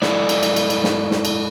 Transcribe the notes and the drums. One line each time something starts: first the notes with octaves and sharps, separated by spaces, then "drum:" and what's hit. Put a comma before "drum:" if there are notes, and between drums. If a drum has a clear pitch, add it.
G#3 E4 A4 D5, drum: snare
drum: cymbal
drum: cymbal
drum: cymbal
drum: cymbal
drum: snare
drum: snare
drum: cymbal